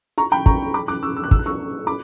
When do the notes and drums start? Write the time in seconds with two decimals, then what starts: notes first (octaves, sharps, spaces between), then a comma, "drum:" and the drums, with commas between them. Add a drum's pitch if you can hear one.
0.18 A#5 C#6
0.32 G5 B5
0.46 A#5 C#6, drum: kick
0.74 B5 D6
0.88 D6 F#6
1.03 C#6 E6
1.17 E6
1.23 F#6
1.31 E6, drum: kick
1.39 F#6
1.46 C#6 E6
1.87 B5 D6